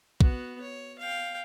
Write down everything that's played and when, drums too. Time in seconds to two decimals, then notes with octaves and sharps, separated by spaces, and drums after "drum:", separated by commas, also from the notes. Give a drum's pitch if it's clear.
0.21 B3 F#4, drum: kick B1
0.61 C#5
0.99 F5 G5